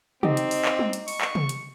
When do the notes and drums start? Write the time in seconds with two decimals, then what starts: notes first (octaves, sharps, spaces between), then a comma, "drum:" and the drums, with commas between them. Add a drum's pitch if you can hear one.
0.23 C4 D#4 G4, drum: tom
0.37 drum: hi-hat
0.51 drum: open hi-hat
0.65 drum: clap
0.79 drum: tom G3
0.93 drum: hi-hat
1.08 C#6, drum: open hi-hat
1.21 drum: clap
1.35 drum: tom
1.49 drum: hi-hat